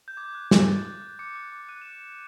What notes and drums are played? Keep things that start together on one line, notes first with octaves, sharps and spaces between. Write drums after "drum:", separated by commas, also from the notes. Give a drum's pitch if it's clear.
G6
D6 G#6
F#6
D6, drum: snare
G#6
F#6 A6
D6
F#6
D6 C#7
F#6
D6
F#6 D#7
E7